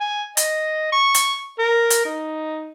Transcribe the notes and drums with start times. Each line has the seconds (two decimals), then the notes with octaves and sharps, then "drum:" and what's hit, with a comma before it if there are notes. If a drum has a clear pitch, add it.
0.01 G#5
0.37 D#5, drum: hi-hat
0.92 C#6
1.14 drum: hi-hat
1.58 A#4
1.90 drum: hi-hat
2.05 D#4